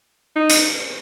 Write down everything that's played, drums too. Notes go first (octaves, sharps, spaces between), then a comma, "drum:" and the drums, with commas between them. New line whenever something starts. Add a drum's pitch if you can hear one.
D#4
drum: hi-hat